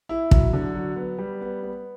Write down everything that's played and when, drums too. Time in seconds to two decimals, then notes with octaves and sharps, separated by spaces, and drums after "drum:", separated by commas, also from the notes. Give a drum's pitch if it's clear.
0.09 E4
0.31 F#3, drum: kick
0.53 D3
0.75 F#3
0.96 B3
1.18 G3
1.41 B3
1.62 B3